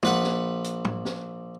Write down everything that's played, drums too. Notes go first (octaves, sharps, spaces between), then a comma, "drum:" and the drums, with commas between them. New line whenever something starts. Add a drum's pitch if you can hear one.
A#1 B4 F#5, drum: tom
drum: snare
drum: hi-hat
drum: tom
drum: snare